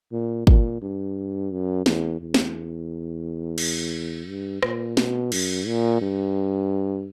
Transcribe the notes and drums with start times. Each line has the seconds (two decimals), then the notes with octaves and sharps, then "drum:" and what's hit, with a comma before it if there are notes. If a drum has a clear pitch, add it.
0.12 A#2
0.47 A#2, drum: kick
0.81 G2
1.51 F#2
1.86 E2, drum: snare
2.21 E2
2.34 drum: snare
3.58 drum: cymbal
4.28 G2
4.63 A#2, drum: rim click
4.97 B2, drum: snare
5.32 F#2, drum: cymbal
5.67 A#2
6.01 G2